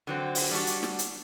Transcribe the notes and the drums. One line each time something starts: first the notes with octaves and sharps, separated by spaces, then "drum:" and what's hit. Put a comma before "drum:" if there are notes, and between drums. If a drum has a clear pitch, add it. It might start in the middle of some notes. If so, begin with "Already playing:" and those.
D3 F#3 C4
drum: open hi-hat
G3 D4 F#4
drum: hi-hat
drum: snare
drum: hi-hat